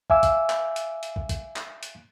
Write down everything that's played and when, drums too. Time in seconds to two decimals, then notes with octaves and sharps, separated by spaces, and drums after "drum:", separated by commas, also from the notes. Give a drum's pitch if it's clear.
0.10 E5 F5 G#5 D6 E6, drum: kick
0.23 drum: kick, hi-hat
0.50 drum: clap
0.76 drum: hi-hat
1.03 drum: hi-hat
1.16 drum: kick
1.29 drum: kick, hi-hat
1.56 drum: clap
1.83 drum: hi-hat